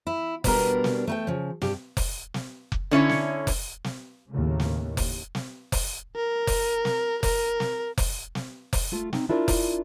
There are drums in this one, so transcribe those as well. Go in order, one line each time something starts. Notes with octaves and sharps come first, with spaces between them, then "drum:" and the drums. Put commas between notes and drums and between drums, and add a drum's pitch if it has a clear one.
E4
B2 G3 B3 D4 A#4, drum: kick F1, open hi-hat
drum: snare
A3 A#4 G5
C#3 F3
G2 G4, drum: snare
drum: kick F1, open hi-hat
drum: snare
drum: kick F1
D3 C#4 E4 C#5
drum: snare
drum: kick F1, open hi-hat
drum: snare
D#2 A2 C#3
drum: snare
drum: kick F1, open hi-hat
drum: snare
drum: kick F1, open hi-hat
A#4
drum: kick F1, open hi-hat
drum: snare
A#4, drum: kick F1, open hi-hat
drum: snare
drum: kick F1, open hi-hat
drum: snare
drum: kick F1, open hi-hat
A3 F4
C4 D#4, drum: snare
D4 E4 F4 A#4 B4 D5
drum: kick F1, open hi-hat